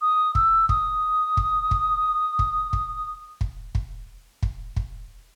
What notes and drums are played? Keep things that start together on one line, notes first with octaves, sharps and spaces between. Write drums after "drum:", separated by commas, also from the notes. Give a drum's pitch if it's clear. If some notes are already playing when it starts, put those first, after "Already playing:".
D#6
E6, drum: kick
D#6, drum: kick
drum: kick
drum: kick
drum: kick
drum: kick
drum: kick
drum: kick
drum: kick
drum: kick